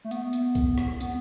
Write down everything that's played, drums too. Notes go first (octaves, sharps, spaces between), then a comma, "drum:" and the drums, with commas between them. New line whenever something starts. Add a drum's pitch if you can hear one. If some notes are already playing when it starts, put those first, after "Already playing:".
A3
B3, drum: hi-hat
drum: hi-hat
drum: kick C2, hi-hat
drum: rim click
B3, drum: hi-hat